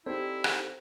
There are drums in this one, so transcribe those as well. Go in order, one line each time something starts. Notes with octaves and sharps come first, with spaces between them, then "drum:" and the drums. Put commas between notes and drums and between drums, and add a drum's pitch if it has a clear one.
C4 D#4 E4 G4 A4 D5
drum: rim click